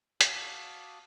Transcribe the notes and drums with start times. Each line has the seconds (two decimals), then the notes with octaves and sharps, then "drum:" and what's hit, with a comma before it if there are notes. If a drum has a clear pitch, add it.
0.21 F#4 F5 A5 D6 D#6, drum: hi-hat